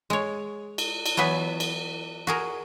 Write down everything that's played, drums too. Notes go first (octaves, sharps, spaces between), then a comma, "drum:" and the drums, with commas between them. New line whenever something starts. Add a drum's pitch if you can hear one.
G#3 C#5
drum: cymbal
drum: cymbal
E3 F#3 B3 B4 G#5
drum: cymbal
F#4 G#4 A#4